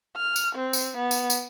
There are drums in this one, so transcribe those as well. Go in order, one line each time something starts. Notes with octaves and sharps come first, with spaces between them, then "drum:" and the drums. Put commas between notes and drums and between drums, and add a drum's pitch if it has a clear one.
F6
drum: tambourine
C4
drum: tambourine
B3
drum: tambourine
drum: tambourine